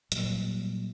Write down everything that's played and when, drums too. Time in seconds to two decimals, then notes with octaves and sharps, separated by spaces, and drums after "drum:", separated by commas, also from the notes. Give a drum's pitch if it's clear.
0.12 A#2 F#3 G3, drum: hi-hat